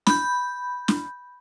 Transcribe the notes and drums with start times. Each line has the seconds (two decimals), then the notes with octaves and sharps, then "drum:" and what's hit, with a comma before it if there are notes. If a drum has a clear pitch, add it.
0.07 B5 G6, drum: snare
0.88 drum: snare